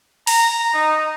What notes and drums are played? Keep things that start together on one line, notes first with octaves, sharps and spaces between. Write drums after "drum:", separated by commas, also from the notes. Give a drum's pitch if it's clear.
A#5, drum: open hi-hat
D#4